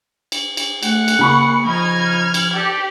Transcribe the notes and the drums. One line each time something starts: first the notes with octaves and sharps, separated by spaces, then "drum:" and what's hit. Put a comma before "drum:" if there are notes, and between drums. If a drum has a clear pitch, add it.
drum: cymbal
drum: cymbal
A3 F#5 C#7, drum: cymbal
drum: cymbal
C#3 A#3 B5 C#6
F3 D#4 F6 G#6
drum: cymbal
G4 A4 D5